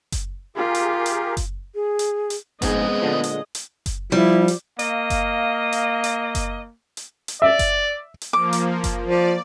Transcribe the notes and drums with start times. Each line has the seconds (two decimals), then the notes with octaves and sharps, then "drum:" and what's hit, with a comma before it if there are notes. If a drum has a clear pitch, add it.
0.12 drum: kick F#1, hi-hat
0.56 F4 G4 G#4 A#4
0.75 drum: hi-hat
1.06 drum: hi-hat
1.37 drum: kick F#1, hi-hat
1.75 G#4
1.99 drum: hi-hat
2.30 drum: hi-hat
2.62 A#1 G#2 G#3 B3 C4 D#5 G#5, drum: kick F#1, hi-hat
3.02 A#2 D3 F3
3.24 drum: hi-hat
3.55 drum: hi-hat
3.86 drum: kick F#1, hi-hat
4.12 F3 G3 E4
4.48 drum: hi-hat
4.79 A#3 D#5 F5, drum: hi-hat
5.10 drum: kick F#1, hi-hat
5.73 drum: hi-hat
6.04 drum: hi-hat
6.35 drum: kick F#1, hi-hat
6.97 drum: hi-hat
7.28 drum: hi-hat
7.42 D5 E5
7.59 drum: kick F#1, hi-hat
8.21 drum: hi-hat
8.33 F3 A#3 D6
8.53 drum: hi-hat
8.84 drum: kick F#1, hi-hat
9.06 F3 D5